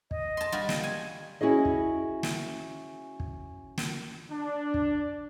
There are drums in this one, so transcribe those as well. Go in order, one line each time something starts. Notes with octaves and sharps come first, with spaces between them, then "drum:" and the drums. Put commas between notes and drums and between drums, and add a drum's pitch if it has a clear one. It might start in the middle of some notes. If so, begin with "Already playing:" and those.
D#5, drum: kick
A5 C6
G3 F4 F#4
drum: snare
G#5
C#4 E4 F#4 G#4 D#5
drum: kick
drum: snare
drum: kick
drum: snare
D4
drum: kick